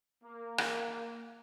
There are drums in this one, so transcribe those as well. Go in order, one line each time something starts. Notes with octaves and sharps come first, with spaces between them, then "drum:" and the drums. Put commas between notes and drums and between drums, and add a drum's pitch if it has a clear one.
A#3
drum: rim click